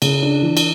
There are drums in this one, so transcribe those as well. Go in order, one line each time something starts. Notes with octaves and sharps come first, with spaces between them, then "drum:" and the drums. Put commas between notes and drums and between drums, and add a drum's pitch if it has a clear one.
C#3, drum: cymbal
D4
E3
drum: cymbal